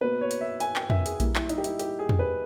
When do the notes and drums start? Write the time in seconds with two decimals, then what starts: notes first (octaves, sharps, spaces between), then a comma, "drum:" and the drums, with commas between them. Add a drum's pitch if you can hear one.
0.01 B2 A#3 B4
0.21 C#5
0.31 drum: hi-hat
0.41 E5
0.60 G#5, drum: hi-hat
0.76 G5, drum: clap
0.90 E5, drum: tom
1.06 G#4, drum: hi-hat
1.20 A#2 G3 A#3 E4, drum: kick A#1, hi-hat
1.35 E4, drum: clap
1.49 D#4, drum: hi-hat
1.58 G4
1.64 E4, drum: hi-hat
1.79 G4, drum: hi-hat
1.99 G#4
2.09 drum: tom
2.19 B4